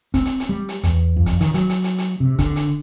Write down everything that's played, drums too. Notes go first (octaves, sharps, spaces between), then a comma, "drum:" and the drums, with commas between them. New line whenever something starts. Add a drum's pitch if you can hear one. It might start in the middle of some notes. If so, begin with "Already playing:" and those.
C4, drum: kick, hi-hat
drum: hi-hat
drum: hi-hat
G3
drum: hi-hat
E2, drum: hi-hat
F2
drum: kick, hi-hat
D#3, drum: hi-hat
F#3, drum: hi-hat
drum: hi-hat
drum: hi-hat
drum: hi-hat
C3
D3, drum: kick, hi-hat
drum: hi-hat